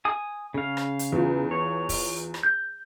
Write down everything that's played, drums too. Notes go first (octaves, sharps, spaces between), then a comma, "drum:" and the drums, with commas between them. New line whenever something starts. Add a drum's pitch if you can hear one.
G#5 D#6
C#3 F5
drum: rim click
drum: hi-hat
E2 F4
C#5
drum: kick, open hi-hat
drum: rim click
G6